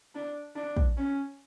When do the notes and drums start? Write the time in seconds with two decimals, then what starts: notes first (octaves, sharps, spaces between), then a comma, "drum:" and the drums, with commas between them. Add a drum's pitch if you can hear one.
0.15 D4
0.56 D4
0.77 drum: kick
0.97 C#4